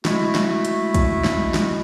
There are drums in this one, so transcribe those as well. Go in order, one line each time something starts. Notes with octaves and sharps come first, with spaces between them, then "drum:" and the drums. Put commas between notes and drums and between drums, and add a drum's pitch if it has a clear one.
G#3 A3 E4 F#4, drum: snare
drum: snare
drum: hi-hat
drum: kick, hi-hat
drum: snare
drum: snare